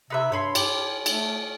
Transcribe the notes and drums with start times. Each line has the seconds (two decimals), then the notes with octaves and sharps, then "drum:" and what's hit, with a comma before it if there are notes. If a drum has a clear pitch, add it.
0.10 C3 D#4 B4 E5
0.32 G2 C#5 B5 C6
0.55 G4, drum: cymbal
1.06 A3, drum: cymbal